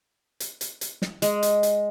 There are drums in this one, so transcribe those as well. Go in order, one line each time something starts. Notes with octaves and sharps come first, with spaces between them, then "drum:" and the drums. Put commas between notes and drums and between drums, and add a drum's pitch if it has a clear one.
drum: hi-hat
drum: hi-hat
drum: hi-hat
drum: snare
G#3, drum: hi-hat
drum: hi-hat
drum: hi-hat